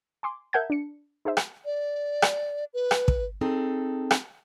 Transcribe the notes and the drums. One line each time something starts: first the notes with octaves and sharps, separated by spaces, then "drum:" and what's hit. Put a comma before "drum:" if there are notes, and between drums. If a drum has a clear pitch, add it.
G#5 C6 D6
A#4 E5 F#5 A5 G6 G#6
D4 C#7
D#4 G#4 C5 E5
drum: rim click
D5
drum: rim click
B4
drum: rim click
drum: kick
C4 D#4 G#4 A4
drum: rim click